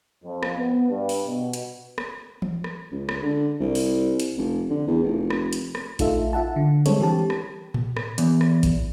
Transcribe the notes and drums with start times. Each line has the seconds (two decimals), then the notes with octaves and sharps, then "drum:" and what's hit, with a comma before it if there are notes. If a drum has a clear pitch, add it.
0.24 F2
0.43 drum: rim click
0.56 B3
0.89 G2
1.09 drum: open hi-hat
1.27 B2
1.53 drum: hi-hat
1.98 drum: rim click
2.42 drum: tom
2.64 drum: rim click
2.92 C#2
3.09 drum: rim click
3.23 D3
3.60 C2
3.75 drum: open hi-hat
4.20 drum: hi-hat
4.38 F1
4.70 D3
4.87 E2
5.04 F1
5.30 drum: rim click
5.53 drum: hi-hat
5.75 drum: rim click
5.99 A3 D#4 F4 A4 E5, drum: kick A#1, hi-hat
6.33 F4 E5 F#5 A5
6.56 D3
6.86 G3 G#3 C4 D4 A4 C#5, drum: hi-hat
7.00 E3 G4 A5
7.30 drum: rim click
7.74 drum: tom A2
7.97 drum: rim click
8.18 E2, drum: hi-hat
8.41 drum: rim click
8.63 drum: kick A#1, hi-hat